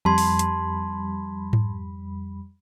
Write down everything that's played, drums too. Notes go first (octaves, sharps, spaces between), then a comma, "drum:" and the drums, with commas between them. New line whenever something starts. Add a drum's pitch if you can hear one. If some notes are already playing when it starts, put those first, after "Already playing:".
F2 G3 A5 B5 C6 G#6
drum: open hi-hat
drum: hi-hat
drum: tom G#2